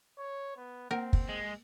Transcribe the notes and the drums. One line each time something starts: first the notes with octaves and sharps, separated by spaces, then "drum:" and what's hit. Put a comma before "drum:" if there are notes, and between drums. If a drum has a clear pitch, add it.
C#5
B3
A#3 C4 A#4 F#5
drum: kick
G#3